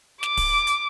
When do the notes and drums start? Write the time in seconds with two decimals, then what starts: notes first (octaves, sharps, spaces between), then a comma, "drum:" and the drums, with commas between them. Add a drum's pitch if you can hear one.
0.23 D6, drum: snare
0.37 drum: kick, open hi-hat
0.67 drum: hi-hat